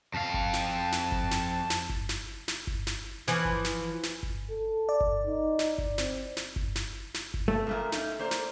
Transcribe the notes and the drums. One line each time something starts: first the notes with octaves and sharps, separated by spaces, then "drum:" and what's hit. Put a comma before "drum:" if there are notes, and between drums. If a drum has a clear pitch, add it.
F2 F5 A5
drum: kick G1
drum: snare
drum: snare
drum: kick G1
drum: snare
drum: snare
drum: kick G1
drum: snare
drum: snare
drum: kick G1
drum: snare
E3 F3, drum: snare
drum: kick G1
drum: snare
drum: snare
drum: kick G1
A4
D5
drum: kick G1
D#4
drum: snare
drum: kick G1
C4, drum: snare
drum: snare
drum: kick G1
drum: snare
drum: snare
drum: kick G1
A3
F#2 A#2 A#3
C#4 D#4, drum: snare
A#3 C5 D5
drum: snare